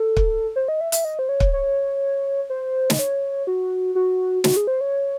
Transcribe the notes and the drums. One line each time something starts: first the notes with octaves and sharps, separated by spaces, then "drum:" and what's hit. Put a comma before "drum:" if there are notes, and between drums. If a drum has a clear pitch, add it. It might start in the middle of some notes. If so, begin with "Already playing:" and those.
Already playing: A4
drum: kick
C5
D#5
E5
E5, drum: hi-hat
D#5
C5
C#5
drum: kick
C#5
C5
D#5, drum: snare
C#5
F#4
F#4
F#4, drum: snare
G#4
C5
C#5